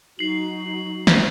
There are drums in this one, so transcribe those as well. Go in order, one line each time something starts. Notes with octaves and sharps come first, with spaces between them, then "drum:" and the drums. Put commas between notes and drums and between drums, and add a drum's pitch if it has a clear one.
F#3 D#4 F#4 C7 F#7
drum: snare